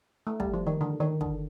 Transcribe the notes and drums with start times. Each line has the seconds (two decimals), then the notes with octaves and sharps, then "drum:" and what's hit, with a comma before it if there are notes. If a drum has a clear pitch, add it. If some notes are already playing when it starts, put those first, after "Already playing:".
0.27 A3
0.40 G3, drum: kick
0.54 F3
0.67 D#3
0.81 D3
1.00 D#3
1.21 D3, drum: kick